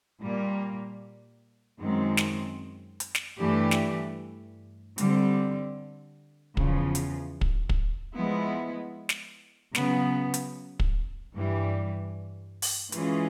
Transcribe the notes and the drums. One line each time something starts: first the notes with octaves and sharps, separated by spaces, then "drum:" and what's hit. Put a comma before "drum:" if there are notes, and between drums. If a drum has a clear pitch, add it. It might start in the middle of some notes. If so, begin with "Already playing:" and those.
A#2 G3 A#3
F#2 D#3 G#3 C4
drum: snare
drum: hi-hat
drum: snare
G2 E3 A3 D4 G4
drum: snare
D3 G3 C4, drum: hi-hat
E2 C#3 F3, drum: kick
drum: hi-hat
drum: kick
drum: kick
F3 G#3 B3 E4
drum: snare
C#3 F#3 B3, drum: snare
drum: hi-hat
drum: kick
G2 E3 G3
drum: open hi-hat
E3 G#3 C#4 F4 G#4, drum: hi-hat